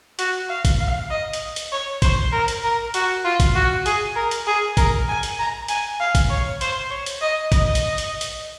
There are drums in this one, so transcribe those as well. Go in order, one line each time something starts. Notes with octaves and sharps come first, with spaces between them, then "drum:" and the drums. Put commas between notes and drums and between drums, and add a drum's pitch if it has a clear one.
F#4, drum: hi-hat
F5
drum: kick G#1, hi-hat
F5
D#5
drum: hi-hat
drum: hi-hat
C#5
C5, drum: kick G#1, hi-hat
A#4
drum: hi-hat
A#4
F#4, drum: hi-hat
F4
drum: kick G#1, hi-hat
F#4
G#4, drum: hi-hat
A#4
drum: hi-hat
G#4
A#4, drum: kick G#1, hi-hat
G#5
drum: hi-hat
A#5
G#5, drum: hi-hat
F5
drum: kick G#1, hi-hat
C#5
C5, drum: hi-hat
C#5
drum: hi-hat
D#5
D#5, drum: kick G#1, hi-hat
drum: hi-hat
drum: hi-hat
drum: hi-hat